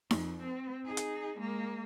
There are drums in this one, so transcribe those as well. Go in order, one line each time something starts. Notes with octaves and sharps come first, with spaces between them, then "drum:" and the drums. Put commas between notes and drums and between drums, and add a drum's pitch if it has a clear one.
F2, drum: snare D#4
C4
D#4 G#4
drum: hi-hat
G#3 A#3